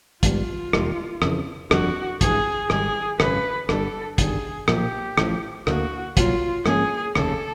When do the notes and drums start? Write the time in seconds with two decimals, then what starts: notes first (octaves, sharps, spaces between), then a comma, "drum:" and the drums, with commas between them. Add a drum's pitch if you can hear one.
0.23 G#2 D#3 G3 B3 F4, drum: kick, hi-hat
0.73 E1 D#2 D#3 G3, drum: rim click
1.22 F2 C#3 E3, drum: rim click
1.71 G1 F2 D3 G3 F#4, drum: rim click
2.21 G#1 G2 E3 G#4, drum: kick, hi-hat
2.70 G#1 G#2 D#3 G3 G#4, drum: rim click
3.20 G#1 F#2 C#3 B4, drum: rim click
3.69 G1 F2 D3 G3 A4, drum: rim click
4.18 G1 G2 D#3 G3 G#4, drum: kick, hi-hat
4.68 B1 A#2 F3 A#3 G4, drum: rim click
5.18 A1 A2 F3, drum: rim click
5.67 D2 D3 G3 A#3 F#4, drum: rim click
6.17 C2 A#2 F#3 F4, drum: kick, hi-hat
6.66 G#2 F3 A#3 C#4 G#4, drum: rim click
7.15 F1 D#2 C#3 A4, drum: rim click